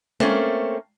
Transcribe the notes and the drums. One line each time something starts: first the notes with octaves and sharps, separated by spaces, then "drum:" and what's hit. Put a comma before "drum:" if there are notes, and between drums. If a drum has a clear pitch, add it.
A3 A#3 C4 C#4, drum: tom G#3